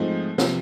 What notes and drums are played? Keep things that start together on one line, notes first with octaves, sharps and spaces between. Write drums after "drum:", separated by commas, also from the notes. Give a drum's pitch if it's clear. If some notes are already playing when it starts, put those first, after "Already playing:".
Already playing: G#2 F3 A3 C4 D#4
C3 F3, drum: snare